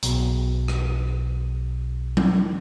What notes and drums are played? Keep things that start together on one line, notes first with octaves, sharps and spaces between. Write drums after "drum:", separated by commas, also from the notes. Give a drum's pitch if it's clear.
B1 B2 G#4, drum: hi-hat
drum: rim click
drum: tom F#3